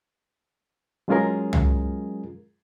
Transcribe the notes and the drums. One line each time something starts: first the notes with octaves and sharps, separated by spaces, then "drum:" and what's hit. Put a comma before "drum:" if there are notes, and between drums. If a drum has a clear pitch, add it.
F#3 G#3 C#4 F4 G#4 A#4
drum: tom C2